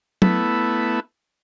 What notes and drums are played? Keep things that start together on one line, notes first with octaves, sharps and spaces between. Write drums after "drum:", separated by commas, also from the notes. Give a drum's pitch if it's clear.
A3 B3 E4, drum: tom F#3